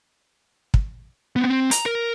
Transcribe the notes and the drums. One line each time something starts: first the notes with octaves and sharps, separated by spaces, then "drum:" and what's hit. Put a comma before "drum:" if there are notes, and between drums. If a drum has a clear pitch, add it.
drum: kick
B3 C4
C4
A#5, drum: hi-hat
A#4